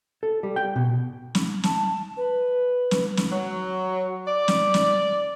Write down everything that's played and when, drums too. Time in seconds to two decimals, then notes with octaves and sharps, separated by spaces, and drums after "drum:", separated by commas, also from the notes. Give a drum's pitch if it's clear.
0.23 A4
0.43 G3
0.56 G5
0.76 B2
1.35 drum: snare
1.63 A5, drum: snare
2.16 B4
2.91 drum: snare
3.17 drum: snare
3.31 F#3
4.28 D5
4.48 drum: snare
4.74 drum: snare